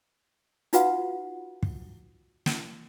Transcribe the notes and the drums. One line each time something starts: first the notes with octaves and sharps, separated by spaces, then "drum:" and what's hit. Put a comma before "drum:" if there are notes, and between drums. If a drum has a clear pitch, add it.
D#4 F4 F#4 B4 F5 F#5, drum: hi-hat
drum: kick
drum: snare